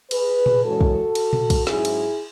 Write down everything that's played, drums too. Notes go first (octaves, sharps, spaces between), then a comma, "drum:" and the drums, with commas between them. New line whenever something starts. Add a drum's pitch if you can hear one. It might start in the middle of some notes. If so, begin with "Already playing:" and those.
G#4 B4, drum: cymbal
drum: tom A#2
F#2 E3 G#3 C#4 F#4 A4
drum: kick
drum: cymbal
drum: tom A#2
drum: kick, cymbal
G#2 F#3 C#4 E4 G#4, drum: snare
drum: cymbal